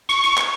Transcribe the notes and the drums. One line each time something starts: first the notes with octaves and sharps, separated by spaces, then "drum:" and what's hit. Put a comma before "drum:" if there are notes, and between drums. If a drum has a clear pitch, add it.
C#6, drum: cymbal
drum: cymbal
drum: clap